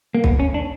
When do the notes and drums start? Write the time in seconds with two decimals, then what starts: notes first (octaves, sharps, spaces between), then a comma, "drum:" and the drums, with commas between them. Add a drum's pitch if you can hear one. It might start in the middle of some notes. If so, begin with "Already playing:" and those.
0.15 A#3
0.24 B3, drum: kick
0.40 C#4
0.54 D4